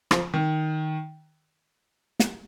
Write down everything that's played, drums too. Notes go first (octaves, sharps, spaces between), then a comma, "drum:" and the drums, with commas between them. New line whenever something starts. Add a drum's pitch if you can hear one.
F3, drum: rim click
D#3
drum: snare